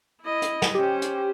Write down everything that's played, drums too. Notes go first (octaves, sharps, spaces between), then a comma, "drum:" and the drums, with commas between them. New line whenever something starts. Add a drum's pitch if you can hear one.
E4 D#5
drum: hi-hat
drum: snare
C#4 G4 C5
drum: hi-hat